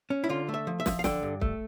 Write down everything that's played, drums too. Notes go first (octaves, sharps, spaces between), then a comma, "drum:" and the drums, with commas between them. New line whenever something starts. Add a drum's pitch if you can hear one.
C#4
E4
D3 F4
A3
E5
F3
E5
F3, drum: snare
F5
D3 G5, drum: snare
G2
A3, drum: kick